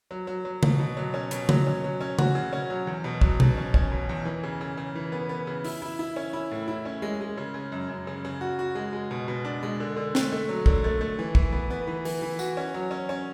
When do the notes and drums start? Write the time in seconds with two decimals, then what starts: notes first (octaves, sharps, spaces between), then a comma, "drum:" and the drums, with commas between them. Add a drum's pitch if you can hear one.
0.11 F#3
0.27 F#3
0.45 F#3
0.63 B2, drum: tom C#3
0.79 B2
0.97 F#3
1.14 C#4
1.31 B2, drum: hi-hat
1.49 F#3, drum: tom C#3
1.67 C#4
1.84 F#3
2.01 C#4
2.19 F#4, drum: tom C#3
2.35 C#3
2.53 C#4
2.70 F#3
2.87 E2
3.04 B2
3.21 F#3, drum: kick
3.40 B2, drum: tom B2
3.57 C#4
3.74 C#4, drum: kick
3.92 B2
4.09 E2
4.25 E3
4.43 C#3
4.61 C#3
4.77 C#3
4.95 E3
5.12 B3
5.29 B3
5.47 C#3
5.64 E4, drum: open hi-hat
5.82 E4
5.99 E4
6.16 C#4
6.33 E4
6.51 A2
6.68 E4
6.85 C#4
7.02 G#3
7.21 G#3
7.37 C#3
7.54 C#3
7.72 F#2
7.89 F#2
8.07 C#3
8.25 C#3
8.41 F#4
8.59 F#4
8.75 G#3
8.93 G#3
9.11 B2
9.28 B2
9.44 D4
9.63 G#3
9.80 D3
9.96 D3
10.15 A3, drum: snare C4
10.32 A3
10.49 F#3
10.66 D3, drum: kick
10.84 A3
11.01 A3
11.19 E3
11.35 E3, drum: kick
11.52 B3
11.70 B3
11.88 E3
12.05 E3, drum: open hi-hat
12.22 E3
12.39 F#4, drum: tambourine
12.57 C#4
12.74 F#3
12.91 C#4
13.09 C#4